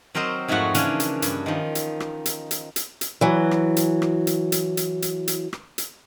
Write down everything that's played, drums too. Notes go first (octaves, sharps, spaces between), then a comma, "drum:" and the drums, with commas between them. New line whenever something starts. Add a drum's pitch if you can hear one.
F#3 C4 A#4 C5 D#5
F2 G#2 F3 A3 F#4 F#5
C#3 E3 F3 A#3 C#4 D4, drum: hi-hat
drum: hi-hat
G2, drum: hi-hat
D#3 F3
drum: hi-hat
drum: rim click
drum: hi-hat
drum: hi-hat
drum: hi-hat
drum: hi-hat
E3 F#3
drum: rim click
drum: hi-hat
drum: rim click
drum: hi-hat
drum: hi-hat
drum: hi-hat
drum: hi-hat
drum: hi-hat
drum: rim click
drum: hi-hat